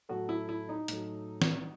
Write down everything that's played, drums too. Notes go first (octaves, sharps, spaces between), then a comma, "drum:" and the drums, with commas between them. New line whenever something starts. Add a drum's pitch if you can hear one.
A2 F#3 A3 F#4
E4
E4
D#4
A2 F#3 A3, drum: hi-hat
drum: snare